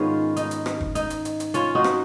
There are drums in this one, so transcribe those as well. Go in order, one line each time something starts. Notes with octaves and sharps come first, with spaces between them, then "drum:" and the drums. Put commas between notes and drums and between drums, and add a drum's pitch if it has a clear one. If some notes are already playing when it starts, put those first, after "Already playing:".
Already playing: G#2 D#3 G#3 B3 C#4 F4
D#4, drum: hi-hat
drum: hi-hat
drum: rim click
drum: kick
D#4, drum: hi-hat
drum: hi-hat
drum: hi-hat
drum: hi-hat
C#4 F4, drum: hi-hat
D#4 F#4
drum: rim click